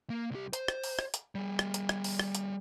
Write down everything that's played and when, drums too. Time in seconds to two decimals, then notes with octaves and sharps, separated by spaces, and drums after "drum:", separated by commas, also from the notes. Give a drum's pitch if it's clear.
0.10 A#3
0.31 C2 G4
0.53 C5, drum: hi-hat
0.68 drum: rim click
0.84 drum: open hi-hat
0.99 drum: rim click
1.14 drum: hi-hat
1.35 G3 G#4
1.59 drum: rim click
1.74 drum: hi-hat
1.89 drum: rim click
2.04 drum: open hi-hat
2.19 drum: rim click
2.35 drum: hi-hat